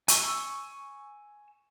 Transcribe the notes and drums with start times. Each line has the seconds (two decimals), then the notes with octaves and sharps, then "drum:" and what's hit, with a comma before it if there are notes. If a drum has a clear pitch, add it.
0.08 G#5 C#6 E6, drum: hi-hat